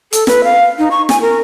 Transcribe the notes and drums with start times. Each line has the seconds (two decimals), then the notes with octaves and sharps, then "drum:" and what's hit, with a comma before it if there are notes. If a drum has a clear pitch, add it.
0.13 A4, drum: hi-hat
0.27 B4, drum: snare
0.44 F5
0.78 D#4
0.91 C#6
1.09 G#5, drum: snare
1.21 A#4